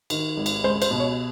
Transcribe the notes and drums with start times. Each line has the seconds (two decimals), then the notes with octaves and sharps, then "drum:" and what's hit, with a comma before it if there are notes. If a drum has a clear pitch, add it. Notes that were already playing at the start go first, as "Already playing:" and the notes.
0.10 D#3, drum: cymbal
0.37 G#1
0.46 drum: cymbal
0.64 C#2 C5
0.82 C5, drum: cymbal
0.91 B2
1.00 C#5